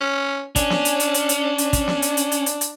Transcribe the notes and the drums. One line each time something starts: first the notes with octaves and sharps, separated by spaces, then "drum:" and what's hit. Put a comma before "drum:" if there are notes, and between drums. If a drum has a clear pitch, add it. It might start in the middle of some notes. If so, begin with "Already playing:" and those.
C#4
C#4 D4, drum: kick, hi-hat
drum: snare
drum: hi-hat
drum: hi-hat
drum: hi-hat
drum: hi-hat
drum: hi-hat
drum: kick, hi-hat
drum: snare
drum: hi-hat
drum: hi-hat
drum: hi-hat
drum: hi-hat
drum: hi-hat